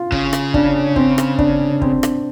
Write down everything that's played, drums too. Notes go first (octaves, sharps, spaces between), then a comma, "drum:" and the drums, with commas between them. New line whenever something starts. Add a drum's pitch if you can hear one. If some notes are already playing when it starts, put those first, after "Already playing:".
Already playing: F4
C#3, drum: kick
drum: rim click
D4, drum: kick
C4, drum: kick
drum: rim click
D4, drum: kick
C4, drum: kick
drum: rim click